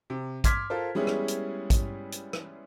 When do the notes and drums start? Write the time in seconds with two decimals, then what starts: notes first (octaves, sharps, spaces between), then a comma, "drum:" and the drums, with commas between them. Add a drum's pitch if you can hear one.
0.10 C3
0.44 C6 D6 F6 G#6 B6, drum: kick, hi-hat
0.70 F4 A4 A#4 C5
0.95 G3 G#3 B3 C#4 E4 G#4
1.07 drum: rim click
1.28 drum: hi-hat
1.70 drum: kick, hi-hat
2.12 drum: hi-hat
2.33 drum: rim click